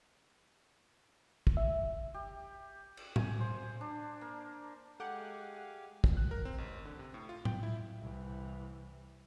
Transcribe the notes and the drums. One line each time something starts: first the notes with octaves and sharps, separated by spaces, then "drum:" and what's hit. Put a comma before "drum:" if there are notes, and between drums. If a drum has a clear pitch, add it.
drum: kick
E5
G4
drum: cymbal
G#5, drum: tom A2
C5
D4
A#3
G#3 G4 A4 F5 F#5 G#5 D6 G6
drum: kick
F#6
A#4
C4
A1
D3
C3
A2
F4
G5, drum: tom A2
E4
C2 E3